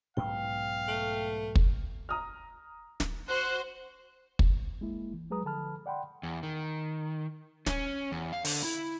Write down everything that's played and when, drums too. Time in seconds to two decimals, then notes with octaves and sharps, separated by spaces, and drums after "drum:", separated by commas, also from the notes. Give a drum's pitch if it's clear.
0.17 B1 G#2 B3 F5 G5
0.88 A3
1.56 drum: kick
2.09 A#5 D#6 F6
3.00 drum: snare
3.28 F#4 C5 F#6
4.39 drum: kick
4.81 G#3 A#3 E4
5.13 E3
5.30 F#3 G#3 G#4 B4 A#5 D#6
5.45 D3 F3 A4 A5 B5 F6
5.86 D5 F#5 G5 B5 C6
6.23 E2
6.43 D#3
7.66 C#4, drum: snare
8.12 E2
8.33 F5
8.45 D3, drum: open hi-hat
8.64 E4